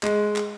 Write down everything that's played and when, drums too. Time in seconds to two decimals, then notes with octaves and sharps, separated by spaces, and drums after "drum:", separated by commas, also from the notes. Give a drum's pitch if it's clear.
0.03 G#3, drum: clap
0.36 drum: clap